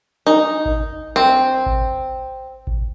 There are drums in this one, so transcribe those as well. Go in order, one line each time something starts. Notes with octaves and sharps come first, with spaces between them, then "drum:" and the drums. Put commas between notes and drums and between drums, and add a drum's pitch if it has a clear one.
D#4
drum: kick G#1
C4
drum: kick G#1
drum: kick G#1